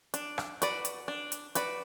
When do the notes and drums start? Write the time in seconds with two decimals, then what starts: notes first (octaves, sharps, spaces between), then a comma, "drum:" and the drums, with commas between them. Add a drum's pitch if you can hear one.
0.14 D4, drum: hi-hat
0.38 drum: rim click
0.62 F#4 B4 D5, drum: hi-hat
0.85 drum: hi-hat
1.08 D4
1.32 drum: hi-hat
1.55 F#4 B4 D5, drum: hi-hat